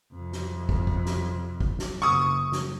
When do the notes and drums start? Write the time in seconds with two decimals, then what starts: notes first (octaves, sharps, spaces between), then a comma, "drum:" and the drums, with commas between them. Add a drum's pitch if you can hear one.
0.14 F2 C3
0.32 drum: snare
0.69 drum: kick
0.87 drum: kick
1.06 drum: snare
1.61 drum: kick
1.79 drum: snare
2.02 F#1 C#6 D#6
2.52 drum: snare